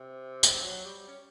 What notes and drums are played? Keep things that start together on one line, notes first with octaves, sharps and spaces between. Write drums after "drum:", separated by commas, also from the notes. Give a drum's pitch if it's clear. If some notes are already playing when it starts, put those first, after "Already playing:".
Already playing: C3
drum: tambourine
F#3
G3
C#4